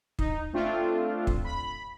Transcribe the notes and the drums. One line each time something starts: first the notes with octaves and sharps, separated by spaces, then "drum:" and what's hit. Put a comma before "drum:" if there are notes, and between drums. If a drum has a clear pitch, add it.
D#4, drum: kick
A3 C4 D4 F4
drum: kick
B5